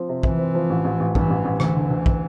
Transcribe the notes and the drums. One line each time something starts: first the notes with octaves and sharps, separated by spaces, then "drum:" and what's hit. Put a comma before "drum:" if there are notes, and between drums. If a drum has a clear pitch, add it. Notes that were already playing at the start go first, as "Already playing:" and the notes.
Already playing: F3 C4
C3
C3 E3, drum: kick
C4
F3
A1
A1
A1
G2 E3, drum: kick
A1
A1
D2 E3, drum: rim click
D3
D2
drum: kick